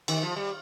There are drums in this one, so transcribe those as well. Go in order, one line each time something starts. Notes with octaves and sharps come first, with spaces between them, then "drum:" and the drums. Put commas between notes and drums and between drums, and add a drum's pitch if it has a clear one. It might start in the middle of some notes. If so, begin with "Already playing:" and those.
D#3, drum: cymbal
F3
G3